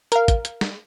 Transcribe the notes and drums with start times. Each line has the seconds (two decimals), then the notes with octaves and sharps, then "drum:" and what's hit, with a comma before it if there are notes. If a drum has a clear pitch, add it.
0.12 A#4 F5, drum: hi-hat
0.28 drum: kick, hi-hat
0.45 drum: hi-hat
0.61 drum: snare